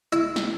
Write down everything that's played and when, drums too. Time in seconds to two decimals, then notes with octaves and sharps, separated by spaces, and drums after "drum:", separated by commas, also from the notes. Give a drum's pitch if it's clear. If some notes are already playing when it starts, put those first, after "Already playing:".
0.12 E4, drum: hi-hat
0.36 drum: snare